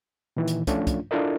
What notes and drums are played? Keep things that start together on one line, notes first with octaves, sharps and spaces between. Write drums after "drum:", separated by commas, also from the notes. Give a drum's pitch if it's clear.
A#2 D#3 E3
drum: hi-hat
F3 A3 C#4 D4 F4, drum: kick, hi-hat
drum: kick, hi-hat
D4 E4 F4 A4 A#4 D#5